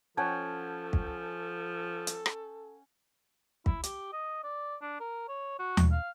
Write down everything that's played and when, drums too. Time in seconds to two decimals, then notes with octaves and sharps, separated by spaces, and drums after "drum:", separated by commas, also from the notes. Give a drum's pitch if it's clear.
0.17 F3 C#4 A4 F#5 G5 A5 G#6
0.93 drum: kick
2.07 drum: hi-hat
2.26 drum: rim click
3.66 E4, drum: kick
3.83 G4, drum: hi-hat
4.13 D#5
4.44 D5
4.81 D4
5.00 A#4
5.28 C#5
5.59 F#4
5.77 drum: tom D#2
5.92 F5